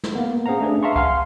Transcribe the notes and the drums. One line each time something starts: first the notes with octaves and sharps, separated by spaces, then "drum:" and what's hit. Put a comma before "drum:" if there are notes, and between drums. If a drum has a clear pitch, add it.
drum: snare
A#3 B3
C#4 G#4 C5 F5 F#5 A#5
A3 D4 G#4 B4
E5 F5 A5 A#5 C6 C#6
F5 F#5 G#5 C6 F6, drum: kick C#2